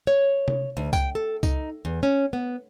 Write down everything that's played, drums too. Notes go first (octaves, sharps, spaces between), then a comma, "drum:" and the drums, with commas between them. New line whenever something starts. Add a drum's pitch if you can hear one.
C#5
drum: tom C3
D2
G5, drum: kick C2, tambourine
A4
D#4, drum: kick C2, tambourine
E2
C#4
B3